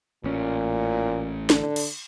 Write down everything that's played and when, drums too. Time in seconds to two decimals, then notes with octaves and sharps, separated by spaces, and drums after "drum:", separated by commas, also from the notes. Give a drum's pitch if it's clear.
0.24 A1 A#2 C#4
1.50 D3, drum: snare
1.76 drum: cymbal